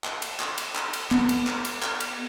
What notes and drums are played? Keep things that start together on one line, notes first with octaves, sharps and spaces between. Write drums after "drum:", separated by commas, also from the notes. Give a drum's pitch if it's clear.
drum: clap
drum: cymbal
drum: clap
drum: cymbal
drum: clap
drum: cymbal
B3, drum: clap
drum: cymbal
drum: clap
drum: cymbal
drum: clap
drum: cymbal